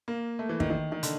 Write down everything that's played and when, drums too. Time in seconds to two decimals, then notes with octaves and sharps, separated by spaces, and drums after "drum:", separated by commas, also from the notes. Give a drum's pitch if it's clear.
0.08 A#3
0.39 A3
0.49 E3
0.60 D#3, drum: kick
0.70 D#3
0.92 D#3
1.03 D3, drum: hi-hat